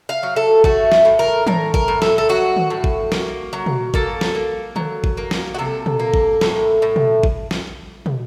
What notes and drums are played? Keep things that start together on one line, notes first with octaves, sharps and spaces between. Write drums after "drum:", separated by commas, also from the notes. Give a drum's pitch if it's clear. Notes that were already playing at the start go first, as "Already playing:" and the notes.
F5
F#3
A4
A3 F#4, drum: kick G#1
drum: snare
A2
A#4
A2 A#4, drum: tom
A#4, drum: kick G#1
A2
A4, drum: snare
A4
F#3 F#4
drum: tom D3
A2
drum: kick G#1
A#3, drum: snare
F#3
drum: tom
A#3 A4, drum: kick G#1
drum: snare
A#3
F#3, drum: tom D3
drum: kick G#1
A#3
drum: snare
F#4
C3 A4
drum: tom
A#3
drum: kick G#1
A2, drum: snare
A2
drum: tom
drum: kick G#1
drum: snare
drum: tom